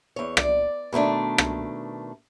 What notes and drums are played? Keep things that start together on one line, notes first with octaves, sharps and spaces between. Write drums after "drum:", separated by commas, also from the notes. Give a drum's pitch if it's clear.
E2 C#5
D5, drum: rim click
B2 D#3 A3 D4
drum: rim click